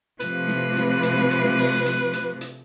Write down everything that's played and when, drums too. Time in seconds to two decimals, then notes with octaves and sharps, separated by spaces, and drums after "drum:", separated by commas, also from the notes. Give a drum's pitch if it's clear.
0.20 C3 F3 A3 B4, drum: hi-hat
0.48 drum: snare
0.75 drum: snare
1.03 drum: hi-hat
1.17 drum: snare
1.31 drum: hi-hat
1.44 drum: snare
1.58 drum: open hi-hat
1.86 drum: hi-hat
2.13 drum: hi-hat
2.41 drum: hi-hat